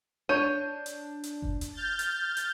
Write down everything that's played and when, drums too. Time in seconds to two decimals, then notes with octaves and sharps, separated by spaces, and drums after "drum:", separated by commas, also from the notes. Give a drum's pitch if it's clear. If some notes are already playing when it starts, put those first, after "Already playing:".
0.29 D4 C#5 G6 D#7
0.86 drum: hi-hat
1.23 drum: hi-hat
1.42 drum: kick F#1
1.61 drum: hi-hat
1.74 F6 G6 A6
1.99 drum: hi-hat
2.37 drum: hi-hat